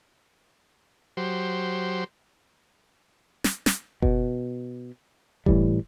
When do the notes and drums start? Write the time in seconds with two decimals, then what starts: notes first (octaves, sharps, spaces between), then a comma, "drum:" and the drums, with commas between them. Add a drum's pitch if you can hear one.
1.17 F#3 G4 C5
3.44 drum: snare
3.66 drum: snare
4.02 B2, drum: kick F#1
5.46 A2 E3 G3, drum: kick F#1